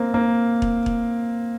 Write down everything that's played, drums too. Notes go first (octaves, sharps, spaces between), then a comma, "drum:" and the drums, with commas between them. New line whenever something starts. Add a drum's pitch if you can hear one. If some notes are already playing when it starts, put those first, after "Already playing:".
Already playing: A#3 C4
A#3
drum: kick E1
drum: kick E1